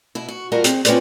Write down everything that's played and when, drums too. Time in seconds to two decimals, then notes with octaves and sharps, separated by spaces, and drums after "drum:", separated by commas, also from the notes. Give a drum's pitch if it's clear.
0.15 B2 E4
0.29 F#4
0.52 G3 A3 F4 F#4 A#4 A#5
0.64 C4 G#4, drum: hi-hat
0.85 C4 C#4 F4 B4 C5 D5, drum: hi-hat